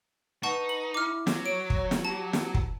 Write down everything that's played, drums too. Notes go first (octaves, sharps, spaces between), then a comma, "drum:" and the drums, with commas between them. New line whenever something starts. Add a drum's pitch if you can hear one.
D#4 B4 F#5 A5 C#6
F#7
E4 D6 F6
F#3, drum: snare
C#5 D7
drum: kick
drum: snare
G4 A5
drum: snare
drum: kick